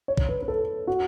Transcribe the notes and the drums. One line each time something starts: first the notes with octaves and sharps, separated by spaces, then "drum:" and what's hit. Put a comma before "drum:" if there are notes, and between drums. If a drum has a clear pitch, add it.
C#5
drum: kick A#1
B4
B4
A4
F#4